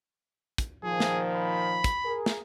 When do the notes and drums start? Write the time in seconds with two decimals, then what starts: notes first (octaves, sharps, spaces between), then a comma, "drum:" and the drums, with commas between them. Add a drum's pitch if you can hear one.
0.58 drum: kick, hi-hat
0.84 A#2 D#3 F3 G#4
1.00 drum: snare
1.35 B5
1.84 drum: kick, hi-hat
2.05 G#4 A#4
2.26 drum: snare